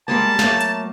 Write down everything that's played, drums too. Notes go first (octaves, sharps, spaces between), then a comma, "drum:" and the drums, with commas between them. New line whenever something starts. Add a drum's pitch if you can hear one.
G3 G#3 A#3 A5
F#3 A3 A#3, drum: snare
drum: hi-hat